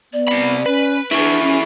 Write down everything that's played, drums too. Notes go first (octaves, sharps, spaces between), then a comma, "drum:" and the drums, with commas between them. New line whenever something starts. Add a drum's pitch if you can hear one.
B3 D5
C3 B5
C#4 B4
D4 E4 G#4 C#6, drum: cymbal
C#4